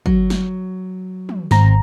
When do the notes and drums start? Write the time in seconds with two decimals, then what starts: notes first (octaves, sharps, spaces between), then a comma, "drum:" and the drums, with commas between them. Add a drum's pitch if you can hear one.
0.06 F#3, drum: kick
0.30 drum: snare
1.29 drum: tom
1.51 G#1 C4 A#5, drum: snare